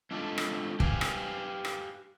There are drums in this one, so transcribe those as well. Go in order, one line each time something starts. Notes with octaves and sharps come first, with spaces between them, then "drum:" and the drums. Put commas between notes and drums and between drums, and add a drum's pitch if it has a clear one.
G#3 A3 D4 F4 A4
drum: rim click
G4 B4 F5 G#5, drum: kick
drum: rim click
drum: rim click